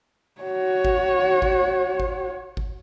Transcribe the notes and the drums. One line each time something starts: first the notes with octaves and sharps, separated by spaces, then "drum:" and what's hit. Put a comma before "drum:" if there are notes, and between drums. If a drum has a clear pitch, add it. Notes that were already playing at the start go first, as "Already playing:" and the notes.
F#4 C#5
drum: kick G#1
drum: kick G#1
drum: kick G#1
drum: kick G#1